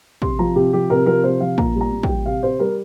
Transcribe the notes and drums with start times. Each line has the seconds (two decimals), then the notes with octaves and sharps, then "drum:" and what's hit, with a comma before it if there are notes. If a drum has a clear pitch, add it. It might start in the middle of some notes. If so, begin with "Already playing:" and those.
0.22 C3 C6, drum: kick
0.39 F3 A#5
0.55 C3 G4
0.73 F3 G4
0.90 C3 A#4
1.06 F3 A#4
1.24 C3 C5
1.40 F3 F5
1.58 A#2 A#5, drum: kick
1.75 G3
1.81 A#5
1.92 A#2
2.03 G5, drum: kick
2.08 G3
2.26 C3 F5
2.43 C3 C5
2.59 G3 A#4